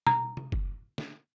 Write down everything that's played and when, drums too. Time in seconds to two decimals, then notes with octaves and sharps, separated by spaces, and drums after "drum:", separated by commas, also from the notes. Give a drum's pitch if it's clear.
0.07 A#5, drum: tom B2
0.37 drum: tom C3
0.52 drum: kick F#1
0.98 drum: snare